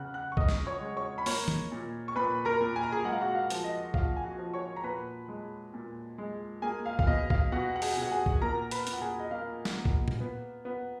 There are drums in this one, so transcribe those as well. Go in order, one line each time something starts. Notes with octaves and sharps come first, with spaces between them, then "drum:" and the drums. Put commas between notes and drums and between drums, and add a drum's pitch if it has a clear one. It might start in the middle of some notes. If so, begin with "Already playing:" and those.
Already playing: C#3 B3 F#5 F#6
F#5 F#6
C#6
C#3 D#5 D#6, drum: kick
drum: snare
C#5 C#6
G#3
C#5 C#6
B5
A#3 C#5 C#6, drum: open hi-hat
drum: tom D#3
A#2
C#6
A#2 B4 B5
A#4 A#5
A#2
G#5
A#5
G#4 G#5
G#3 F#5
F5
F#4 F#5
F5
F3, drum: hi-hat
D#5
F3 F5, drum: kick
G#5
F#4 F#5
F3
C#5 C#6
A#5
A#2 B4 B5
G#3
A#2
G#3
A#3 G#4 G#5
F5
F5, drum: kick
B2 D#5
F5, drum: kick
B2 F#4 F#5
F#5
G#4 G#5, drum: open hi-hat
B2
F#5
G#4 G#5
drum: kick
A#2 A#4 A#5
B4 B5, drum: hi-hat
A#2, drum: hi-hat
F#5
G#4 G#5
D#5
A#3 F5
drum: snare
A#3
drum: kick
drum: tom
B3
B3